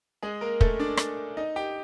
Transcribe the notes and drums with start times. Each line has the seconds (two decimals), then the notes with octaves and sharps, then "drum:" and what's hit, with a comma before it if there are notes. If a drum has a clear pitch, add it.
0.23 G#3 G#4
0.41 A#3 A#4
0.61 A3 A4, drum: kick
0.80 D4 D5
0.97 drum: rim click
1.37 D#4 D#5
1.56 G4 G5